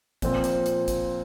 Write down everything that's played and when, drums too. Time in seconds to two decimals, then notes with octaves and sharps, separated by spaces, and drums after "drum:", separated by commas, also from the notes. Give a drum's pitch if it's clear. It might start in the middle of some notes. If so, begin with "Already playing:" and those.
0.22 A#2 F3 C4, drum: kick G#1, hi-hat
0.44 drum: hi-hat
0.66 drum: hi-hat
0.88 drum: kick G#1, hi-hat